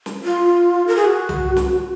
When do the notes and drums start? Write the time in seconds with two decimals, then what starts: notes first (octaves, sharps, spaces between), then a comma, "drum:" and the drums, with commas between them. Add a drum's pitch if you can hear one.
0.06 drum: snare
0.24 F4
0.87 A#4
0.96 G#4
1.05 F#4
1.29 drum: tom C2
1.56 drum: snare